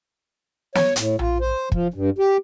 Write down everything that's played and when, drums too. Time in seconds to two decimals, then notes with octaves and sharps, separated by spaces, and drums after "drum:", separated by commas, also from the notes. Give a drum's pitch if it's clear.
0.75 C#5, drum: snare
0.96 A2, drum: hi-hat
1.19 F4, drum: tom A#1
1.41 C5
1.72 F3, drum: kick
1.94 G2
2.18 G4